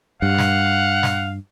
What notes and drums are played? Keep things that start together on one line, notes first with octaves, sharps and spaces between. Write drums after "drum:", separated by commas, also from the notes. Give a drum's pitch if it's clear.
G2 F5 F#5
drum: snare
drum: snare